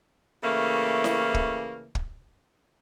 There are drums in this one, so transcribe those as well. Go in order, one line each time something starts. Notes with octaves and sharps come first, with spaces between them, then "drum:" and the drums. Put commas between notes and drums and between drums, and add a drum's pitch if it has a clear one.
C#3 E3 A3 A#3
drum: snare E4
drum: kick
drum: kick